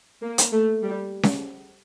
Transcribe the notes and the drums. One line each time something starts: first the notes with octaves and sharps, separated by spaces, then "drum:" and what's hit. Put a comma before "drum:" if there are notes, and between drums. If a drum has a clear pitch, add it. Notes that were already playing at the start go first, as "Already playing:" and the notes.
A#3
drum: hi-hat
A3
G3
drum: snare C#4